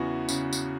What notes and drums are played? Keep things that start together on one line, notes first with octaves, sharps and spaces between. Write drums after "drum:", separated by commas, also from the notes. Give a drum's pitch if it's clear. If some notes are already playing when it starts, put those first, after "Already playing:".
Already playing: E2 C#3 E3 B3 F#4
C#3, drum: tambourine
drum: tambourine